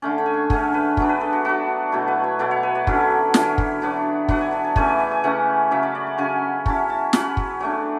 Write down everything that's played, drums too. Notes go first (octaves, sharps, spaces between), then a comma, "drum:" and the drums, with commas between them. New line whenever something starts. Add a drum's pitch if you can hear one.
D3 A3 C#4 D5
C#5
G#5
F#5
D3 A3 C#4 G#4, drum: kick
B4
F#3 B3 D4, drum: kick
B4
A4
F#4
F#3 B3 D4 F#4
B2 F#3 A3 E4
B4
C#5
B2 F#3 A3 E4 D5
C#5
B4
D5
D3 F#3 C#4 E4, drum: kick
D3 F#3 C#4 E4, drum: snare
drum: kick
F#3 B3 D4 D5
F#3 B3 D4 F#5, drum: kick
G#5
A5
G#5
C#3 E3 A3 C#4 G#5, drum: kick
D5
E5
G#5
C#3 E3 A3 C#4 F#5
C#3 F#3 C#4 E5
D5
D5
F#5
C#3 F#3 C#4 G#5
F#3 C#4 E4 A5, drum: kick
A5
F#3 C#4 E4 B5, drum: snare
drum: kick
F#3 A3 D4 G#5